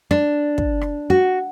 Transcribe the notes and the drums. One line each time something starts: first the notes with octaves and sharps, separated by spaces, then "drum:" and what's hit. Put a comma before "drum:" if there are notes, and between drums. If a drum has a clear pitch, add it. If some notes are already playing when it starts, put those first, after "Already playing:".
D4, drum: rim click
drum: kick
drum: rim click
F#4